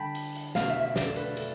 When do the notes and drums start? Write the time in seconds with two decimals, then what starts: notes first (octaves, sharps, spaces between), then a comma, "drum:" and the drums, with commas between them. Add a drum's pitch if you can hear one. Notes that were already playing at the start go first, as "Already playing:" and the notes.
Already playing: D3 G3 G5 A5 B5
0.15 drum: hi-hat
0.35 drum: hi-hat
0.55 B2 A3 F5, drum: snare
0.69 E5
0.82 E5
0.96 D5, drum: snare
1.06 A4
1.16 B4, drum: hi-hat
1.37 A4, drum: hi-hat